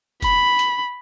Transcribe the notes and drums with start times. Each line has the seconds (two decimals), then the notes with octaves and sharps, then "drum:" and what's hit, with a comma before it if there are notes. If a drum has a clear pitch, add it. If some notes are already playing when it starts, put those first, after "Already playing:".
0.22 B5, drum: kick F#1, hi-hat
0.59 drum: hi-hat